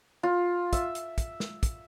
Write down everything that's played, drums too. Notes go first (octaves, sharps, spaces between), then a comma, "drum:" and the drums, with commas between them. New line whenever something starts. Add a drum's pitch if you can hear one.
F4
E5, drum: kick, hi-hat
drum: hi-hat
drum: kick, hi-hat
drum: snare
drum: kick, hi-hat